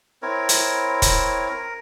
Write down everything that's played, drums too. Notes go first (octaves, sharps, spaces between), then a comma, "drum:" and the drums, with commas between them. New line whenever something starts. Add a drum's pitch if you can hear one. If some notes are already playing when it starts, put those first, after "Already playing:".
C4 E4 A#4 C#5
drum: hi-hat
drum: kick, hi-hat
A#4